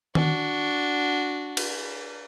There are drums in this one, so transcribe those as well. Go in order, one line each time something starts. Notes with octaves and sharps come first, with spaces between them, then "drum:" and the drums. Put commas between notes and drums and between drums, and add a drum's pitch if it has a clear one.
D4 F#4, drum: tom D#3
drum: cymbal